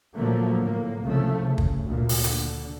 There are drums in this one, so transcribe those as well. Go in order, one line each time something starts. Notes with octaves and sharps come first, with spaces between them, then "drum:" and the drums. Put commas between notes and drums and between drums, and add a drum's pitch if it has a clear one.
A#2 D3 F3 F#3 A3 A#3
A2 A#3
C2 C#3 F3 A3
C#3
drum: kick
D2 A#2
drum: open hi-hat
D3, drum: hi-hat